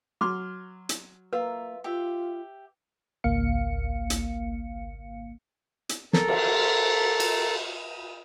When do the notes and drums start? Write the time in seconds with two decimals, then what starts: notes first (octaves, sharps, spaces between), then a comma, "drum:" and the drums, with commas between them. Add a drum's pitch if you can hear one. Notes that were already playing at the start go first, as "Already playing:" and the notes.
0.21 F#3 C6 D6 F6
0.89 drum: hi-hat
1.33 A#3 F4 B4 E5
1.84 F4 G4 E5
3.24 G#1 C#2 A#3 F5 C#7
4.10 drum: hi-hat
5.89 drum: hi-hat
6.13 A4 A#4, drum: snare
6.28 drum: cymbal
7.20 drum: cymbal